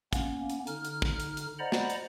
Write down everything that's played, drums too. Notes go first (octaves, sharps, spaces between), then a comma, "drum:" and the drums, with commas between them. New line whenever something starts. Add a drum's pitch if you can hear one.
A#3 B3 C#4, drum: kick, hi-hat
drum: hi-hat
D3 D#4 F6, drum: hi-hat
drum: hi-hat
drum: kick
drum: hi-hat
drum: hi-hat
C5 D5 D#5 F#5 A#5 B5
drum: snare
drum: hi-hat